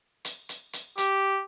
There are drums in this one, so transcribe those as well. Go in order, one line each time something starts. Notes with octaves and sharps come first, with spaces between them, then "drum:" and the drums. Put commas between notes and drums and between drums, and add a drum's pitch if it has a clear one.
drum: hi-hat
drum: hi-hat
drum: hi-hat
G4, drum: hi-hat